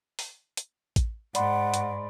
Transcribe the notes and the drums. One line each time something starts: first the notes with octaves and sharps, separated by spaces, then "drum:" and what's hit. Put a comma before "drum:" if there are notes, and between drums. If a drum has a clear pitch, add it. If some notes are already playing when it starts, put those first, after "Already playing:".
drum: open hi-hat
drum: hi-hat
drum: kick A1, hi-hat
G#2 D5 F#5 B5 C6, drum: hi-hat
drum: hi-hat